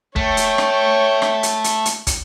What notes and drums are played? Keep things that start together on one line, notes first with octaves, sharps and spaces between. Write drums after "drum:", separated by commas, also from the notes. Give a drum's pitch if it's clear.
A3 C#5 G5, drum: kick
drum: hi-hat
drum: rim click
drum: rim click
drum: hi-hat
drum: hi-hat
drum: hi-hat
drum: kick, hi-hat